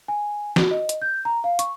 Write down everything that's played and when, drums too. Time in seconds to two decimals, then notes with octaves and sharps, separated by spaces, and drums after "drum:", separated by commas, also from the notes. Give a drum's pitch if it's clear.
0.08 G#5
0.56 F#4, drum: snare
0.71 D#5
0.89 drum: hi-hat
1.02 G6
1.25 A#5
1.44 F5
1.59 C#6, drum: hi-hat